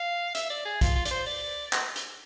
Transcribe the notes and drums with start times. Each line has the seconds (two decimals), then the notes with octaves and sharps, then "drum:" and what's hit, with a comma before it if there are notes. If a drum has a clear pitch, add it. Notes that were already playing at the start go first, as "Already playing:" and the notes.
Already playing: F5
0.35 E5, drum: hi-hat
0.50 D5
0.65 G#4
0.81 F4, drum: kick, hi-hat
0.96 F4
1.05 D5, drum: hi-hat
1.11 C5
1.26 D5, drum: open hi-hat
1.73 drum: clap
1.96 drum: hi-hat